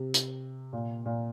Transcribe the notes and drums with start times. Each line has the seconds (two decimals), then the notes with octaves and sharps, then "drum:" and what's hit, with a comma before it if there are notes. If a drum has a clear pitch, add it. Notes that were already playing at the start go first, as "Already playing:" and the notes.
Already playing: C3
0.14 drum: hi-hat
0.73 A#2
1.06 A#2